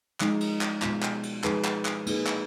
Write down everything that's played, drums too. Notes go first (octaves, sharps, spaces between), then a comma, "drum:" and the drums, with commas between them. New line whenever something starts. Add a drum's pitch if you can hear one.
F3 G#3 D#4, drum: clap
drum: cymbal
drum: clap
B2 G#3 B3 F4, drum: clap
drum: clap
drum: cymbal
F3 G#3 D#4 G#4 B4, drum: clap
drum: clap
drum: clap
A#3 D#4 G#4 B4, drum: cymbal
drum: clap